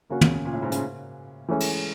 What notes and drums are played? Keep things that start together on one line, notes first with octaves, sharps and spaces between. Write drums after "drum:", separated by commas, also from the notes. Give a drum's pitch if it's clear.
C#3 A#3 C#4 F#4
C#3, drum: tom
A#2
A2
G#2
C#3, drum: hi-hat
E3 G#3 A3 C#4
drum: cymbal